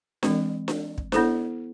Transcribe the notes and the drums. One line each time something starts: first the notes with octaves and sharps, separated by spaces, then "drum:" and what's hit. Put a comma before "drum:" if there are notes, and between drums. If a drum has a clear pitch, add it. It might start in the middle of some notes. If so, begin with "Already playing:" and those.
E3 G#3 C4, drum: snare D4
drum: snare D4
drum: kick
B3 E4 A4 C5, drum: snare D4